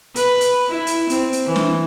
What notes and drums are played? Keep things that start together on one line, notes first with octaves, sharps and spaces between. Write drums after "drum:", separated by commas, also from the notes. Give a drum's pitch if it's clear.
B4, drum: hi-hat
drum: hi-hat
E4
drum: hi-hat
C4, drum: hi-hat
drum: hi-hat
E3
drum: snare